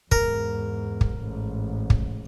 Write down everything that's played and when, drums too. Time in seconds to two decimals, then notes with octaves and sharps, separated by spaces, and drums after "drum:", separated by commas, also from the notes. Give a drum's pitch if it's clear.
0.12 E2 G#2 A#4, drum: kick
1.01 drum: kick
1.16 A1 G#2
1.90 drum: kick